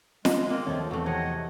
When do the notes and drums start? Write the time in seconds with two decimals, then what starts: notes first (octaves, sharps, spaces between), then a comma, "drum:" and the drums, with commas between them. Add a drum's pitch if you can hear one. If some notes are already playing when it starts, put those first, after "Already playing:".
0.25 G#3 G#4 D#5, drum: snare
0.50 A#3 C4 F4
0.67 D#2 F3 C4 A4 C#5 E5
0.91 E2 E3 F#3 A3 C4
1.06 C3 F3 C#5 D#5 F#5